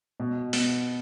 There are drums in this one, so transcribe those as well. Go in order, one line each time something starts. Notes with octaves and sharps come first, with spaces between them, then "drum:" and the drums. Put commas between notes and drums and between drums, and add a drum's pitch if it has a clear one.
B2
B3, drum: open hi-hat